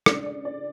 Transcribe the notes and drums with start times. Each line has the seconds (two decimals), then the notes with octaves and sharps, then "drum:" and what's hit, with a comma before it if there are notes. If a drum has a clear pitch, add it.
0.06 C#3 G#3 D4 D5, drum: rim click
0.26 D5
0.45 D5